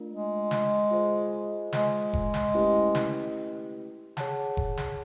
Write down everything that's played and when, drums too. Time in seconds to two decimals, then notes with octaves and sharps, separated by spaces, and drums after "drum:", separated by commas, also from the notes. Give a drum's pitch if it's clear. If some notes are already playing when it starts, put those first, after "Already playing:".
Already playing: A3 D4 F4 A#4
0.10 G#3
0.51 drum: snare
0.91 F4 G#4 C5 D#5
1.73 G#3, drum: snare
2.13 drum: kick F1
2.34 drum: snare
2.54 A3 C#4 E4 G4 B4
2.95 drum: snare
4.17 G#4 C#5 F#5 A5, drum: snare
4.57 drum: kick F1
4.77 drum: snare